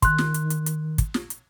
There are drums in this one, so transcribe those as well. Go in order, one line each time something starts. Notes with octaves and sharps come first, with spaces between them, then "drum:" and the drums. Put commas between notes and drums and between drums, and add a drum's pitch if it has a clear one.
D#3 C6 F#6, drum: kick, hi-hat
drum: snare
drum: hi-hat
drum: hi-hat
drum: hi-hat
drum: kick, hi-hat
drum: snare
drum: hi-hat